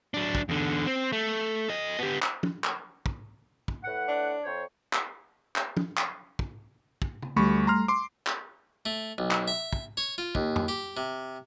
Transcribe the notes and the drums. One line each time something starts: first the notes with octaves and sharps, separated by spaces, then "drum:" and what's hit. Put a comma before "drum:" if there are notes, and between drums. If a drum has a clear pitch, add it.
F#3 D4
drum: kick
E2 D3
C4
A3
A4 D#5
B3 G4
drum: clap
drum: tom
drum: clap
drum: kick
drum: kick
A2 B4 F#5
D4
F2 C5 C#5
drum: clap
drum: clap
drum: tom
drum: clap
drum: kick
drum: kick
drum: tom
D2 G3 A3 B5 C#6
A#5 C6 F6
C6 D6
drum: clap
A3
B1
drum: clap
E5
drum: kick
C#5
F4
D#2, drum: kick
drum: tom
G4
C3